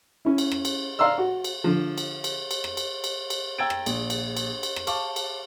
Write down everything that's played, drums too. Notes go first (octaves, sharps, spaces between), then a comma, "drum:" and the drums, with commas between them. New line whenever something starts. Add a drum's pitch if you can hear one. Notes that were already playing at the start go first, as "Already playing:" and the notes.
C#4 E4
drum: cymbal
drum: rim click
drum: cymbal
D5 F5 A#5 C6 E6
F#4
drum: cymbal
D3 F3
drum: cymbal
drum: cymbal
drum: cymbal
drum: rim click
drum: cymbal
drum: cymbal
drum: cymbal
G5 A#5 E6 G#6 A6 D7
drum: rim click
A#1, drum: cymbal
drum: cymbal
drum: cymbal
drum: cymbal
drum: rim click
F5 A5 C#6 D6, drum: cymbal
drum: cymbal